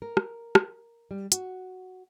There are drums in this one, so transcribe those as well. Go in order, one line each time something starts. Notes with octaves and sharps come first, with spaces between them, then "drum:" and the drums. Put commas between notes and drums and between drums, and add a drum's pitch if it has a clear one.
A#4
drum: rim click
drum: rim click
G3
F#4, drum: hi-hat